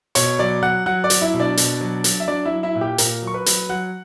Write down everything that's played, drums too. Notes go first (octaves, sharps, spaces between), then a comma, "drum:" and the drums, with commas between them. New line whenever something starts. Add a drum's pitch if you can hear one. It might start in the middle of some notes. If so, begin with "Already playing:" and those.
B2 C#5 C#6, drum: hi-hat
F#3 D5 D6
F#3 F#5 F#6
F#3 F#5 F#6
D5 D6
F#3, drum: hi-hat
E4 E5
B2
D4 D5
B2, drum: hi-hat
F#3
F#3, drum: hi-hat
E5
F#3 D4 D5
E4 E5
F#3
E4 E5
A#2
G4 G5
A#2 A#4 A#5, drum: hi-hat
F#3
C#6
B4 B5
F#3, drum: hi-hat
F#3 F#5 F#6